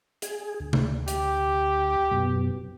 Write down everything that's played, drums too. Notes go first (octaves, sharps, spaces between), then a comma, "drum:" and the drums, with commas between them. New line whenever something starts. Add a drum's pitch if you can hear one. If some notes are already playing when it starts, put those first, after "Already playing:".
G#4, drum: hi-hat
D2
drum: tom C3
G4, drum: hi-hat
F#2 B2